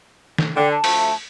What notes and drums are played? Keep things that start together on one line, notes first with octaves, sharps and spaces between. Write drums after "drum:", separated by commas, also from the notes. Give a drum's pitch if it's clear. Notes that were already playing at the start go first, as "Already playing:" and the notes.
drum: snare
D3 G5
A5
D2 F3 A3, drum: open hi-hat